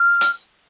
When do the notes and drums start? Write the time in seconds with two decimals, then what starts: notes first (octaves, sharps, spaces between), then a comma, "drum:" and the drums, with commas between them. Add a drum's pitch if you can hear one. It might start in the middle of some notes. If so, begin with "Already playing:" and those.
Already playing: F6
0.21 drum: hi-hat